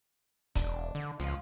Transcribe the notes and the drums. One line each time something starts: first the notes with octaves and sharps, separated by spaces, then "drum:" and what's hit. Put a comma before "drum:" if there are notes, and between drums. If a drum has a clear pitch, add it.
E1 D4, drum: kick C#1, hi-hat
D3
C#2 F3 F4